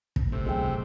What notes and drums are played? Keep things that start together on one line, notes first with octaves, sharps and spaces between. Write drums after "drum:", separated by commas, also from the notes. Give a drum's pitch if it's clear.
drum: kick
A2 C3
C2 F#2 G#3 G5
E2